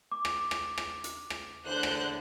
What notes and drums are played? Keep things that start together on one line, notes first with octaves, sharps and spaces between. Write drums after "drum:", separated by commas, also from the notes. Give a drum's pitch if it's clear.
D6
drum: rim click
drum: rim click
drum: rim click
drum: hi-hat
drum: rim click
E2 A2 D3 C5 F#6 G6
drum: rim click